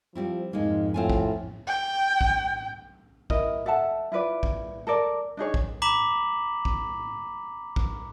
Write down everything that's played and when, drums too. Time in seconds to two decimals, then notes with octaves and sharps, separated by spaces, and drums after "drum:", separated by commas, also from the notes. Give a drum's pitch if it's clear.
0.15 F3 G3 C4 E4
0.53 F2 G#2 G#3 A#3 D#4
0.94 A2 C4 F4 G#5
1.10 drum: kick
1.67 G5
2.21 drum: kick
3.30 E4 A#4 D#5, drum: kick
3.66 A4 E5 F#5 A5
4.12 E4 F4 B4 D5
4.43 drum: kick
4.87 A4 A#4 D5
5.37 D4 D#4 G#4 C#5
5.54 drum: kick
5.82 A#5 B5 D6 B6 E7 F#7
6.65 drum: kick
7.76 drum: kick